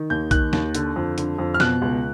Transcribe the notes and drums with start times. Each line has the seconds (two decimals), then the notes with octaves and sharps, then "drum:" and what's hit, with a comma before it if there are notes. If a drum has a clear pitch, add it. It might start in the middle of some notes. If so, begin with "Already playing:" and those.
Already playing: D#3
0.10 D#2 G6
0.31 D#3 F#6, drum: kick B1, hi-hat
0.53 D#2, drum: snare
0.75 D3, drum: hi-hat
0.96 F2
1.18 D3, drum: hi-hat
1.38 F2
1.54 F6
1.60 B2 F#6, drum: snare
1.82 C#2